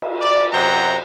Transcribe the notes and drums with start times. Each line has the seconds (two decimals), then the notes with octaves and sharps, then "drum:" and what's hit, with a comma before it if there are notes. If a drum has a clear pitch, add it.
0.02 drum: cymbal
0.21 D5
0.53 F#2 C3 C5 F#5 G5 A#5